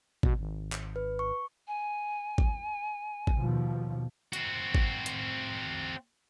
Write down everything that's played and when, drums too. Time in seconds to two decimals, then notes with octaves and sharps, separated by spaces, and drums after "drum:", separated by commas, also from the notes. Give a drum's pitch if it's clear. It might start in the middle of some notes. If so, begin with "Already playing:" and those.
0.23 B2, drum: kick
0.39 G#1
0.72 drum: clap
0.96 B4
1.19 C#6
1.67 G#5
2.38 drum: kick
3.27 drum: kick
3.36 D#2 B2 F3
4.33 C4 F#4, drum: hi-hat
4.75 drum: kick
5.06 drum: hi-hat